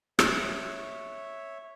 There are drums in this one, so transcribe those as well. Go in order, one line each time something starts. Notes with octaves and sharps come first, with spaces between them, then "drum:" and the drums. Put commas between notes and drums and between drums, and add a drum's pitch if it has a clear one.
C#5 E5, drum: rim click